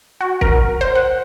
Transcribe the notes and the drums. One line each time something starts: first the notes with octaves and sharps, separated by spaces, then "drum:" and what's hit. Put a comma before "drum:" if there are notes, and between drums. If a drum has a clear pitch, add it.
F#4
A#4, drum: kick
C5
F#5